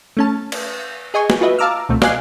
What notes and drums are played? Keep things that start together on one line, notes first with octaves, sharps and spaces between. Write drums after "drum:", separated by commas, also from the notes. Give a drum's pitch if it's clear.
A3 C#4 A5
drum: cymbal
G#4 D#5 G#5 C#6
drum: snare
F4 F#4 B4 D#5 E5
F5 A5 A#5 D6 E6 F6
C#2 B2 A3 C4
D5 D#5 F5 G#5 F#6 C7, drum: snare